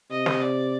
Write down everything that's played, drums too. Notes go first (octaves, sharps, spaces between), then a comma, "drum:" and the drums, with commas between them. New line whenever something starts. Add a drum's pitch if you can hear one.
C3 D#5
drum: snare
D5